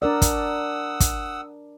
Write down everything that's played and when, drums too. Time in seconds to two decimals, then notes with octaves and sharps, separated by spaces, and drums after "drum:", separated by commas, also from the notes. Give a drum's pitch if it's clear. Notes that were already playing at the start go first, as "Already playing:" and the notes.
0.02 D4 A#4 D5 F#5 D#6 E6
0.22 drum: kick, hi-hat
1.00 drum: kick, hi-hat